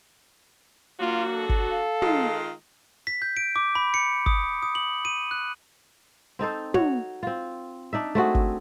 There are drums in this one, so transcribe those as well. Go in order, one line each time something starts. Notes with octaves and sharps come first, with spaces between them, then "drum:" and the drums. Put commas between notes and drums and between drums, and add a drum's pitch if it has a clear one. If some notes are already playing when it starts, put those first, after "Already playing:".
F#3 A#3 D4 F4 F#4
A4
drum: kick G1
F5
D#3 G#3 F4, drum: tom
B6
G6
D7
D6
B5
C#7
D#6, drum: kick G1
D#6
F#7
D#7
F#6
C4 D#4 A4 C5
F#4 C#5, drum: tom
C4 F4
D4 D#4 E5
A3 C4 F#4 G#4
drum: kick G1